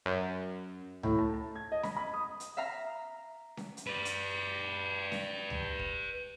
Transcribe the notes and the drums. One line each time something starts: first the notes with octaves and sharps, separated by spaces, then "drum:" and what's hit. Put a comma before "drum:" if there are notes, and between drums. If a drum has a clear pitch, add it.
F#2
A2, drum: tom C#2
A5
A5
G#6
D#5
B5, drum: snare C#4
B5
D#6
drum: hi-hat
E5 F5 A#5
drum: snare C#4
drum: hi-hat
B4 D5
drum: hi-hat
drum: snare C#4
drum: tom C#2
drum: kick